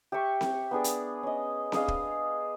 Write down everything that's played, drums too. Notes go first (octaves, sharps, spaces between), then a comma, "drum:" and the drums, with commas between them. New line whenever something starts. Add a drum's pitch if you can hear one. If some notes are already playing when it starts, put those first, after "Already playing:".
G4 E5 G5 C#6
drum: snare C4
B3 D4 G#4 D5
drum: hi-hat
C#4 D#5
D4 G#4 D#5 F5, drum: snare C4
drum: kick